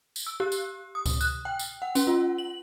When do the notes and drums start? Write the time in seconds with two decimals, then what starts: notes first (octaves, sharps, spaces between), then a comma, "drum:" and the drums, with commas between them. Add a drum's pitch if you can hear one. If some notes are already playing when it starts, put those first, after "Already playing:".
0.16 drum: tambourine
0.27 E6
0.40 G4
0.52 drum: tambourine
0.95 D#6
1.06 drum: kick C#2, tambourine
1.21 F#6, drum: tambourine
1.45 G5
1.59 drum: tambourine
1.82 F#5
1.95 C#4, drum: tambourine
2.07 F4
2.38 F#7